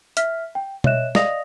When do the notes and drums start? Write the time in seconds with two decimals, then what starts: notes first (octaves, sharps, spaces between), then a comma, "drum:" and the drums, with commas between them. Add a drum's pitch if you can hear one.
0.17 E5 F6 B6, drum: hi-hat
0.55 G5
0.84 C#5 D#5 E5 F#6 E7, drum: tom B2
1.15 D5 D#5 F5 D#6 A#6 F7, drum: snare